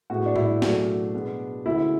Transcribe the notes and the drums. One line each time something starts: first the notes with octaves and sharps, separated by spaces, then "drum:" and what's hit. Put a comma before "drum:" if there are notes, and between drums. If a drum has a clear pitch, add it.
A2 G#3 B3 F#4
D4
E4, drum: tom A2
C#2 B2 F#3 A3 D4, drum: snare
B2 G#3 B3
D2 C#3 G#3 B3 E4